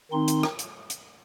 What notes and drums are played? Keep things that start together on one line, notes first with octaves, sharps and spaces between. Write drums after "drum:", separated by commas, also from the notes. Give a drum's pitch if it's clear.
D#3 C4 D#4 C6
drum: hi-hat
drum: rim click
drum: hi-hat
drum: hi-hat